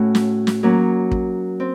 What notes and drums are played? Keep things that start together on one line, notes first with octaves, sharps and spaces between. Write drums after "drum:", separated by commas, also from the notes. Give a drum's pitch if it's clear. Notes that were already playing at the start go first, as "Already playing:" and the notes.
Already playing: A2 A3 C#4 F#4
drum: snare
drum: snare
F#3 A#3 C#4
drum: kick
C4